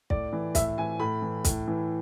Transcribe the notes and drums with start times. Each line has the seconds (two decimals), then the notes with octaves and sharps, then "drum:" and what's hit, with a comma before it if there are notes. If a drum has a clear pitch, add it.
0.10 A2 D5, drum: kick
0.33 E3
0.55 A2 E5, drum: kick, hi-hat
0.78 E3 G#5
1.00 A2 B5
1.22 E3
1.45 A2, drum: kick, hi-hat
1.67 E3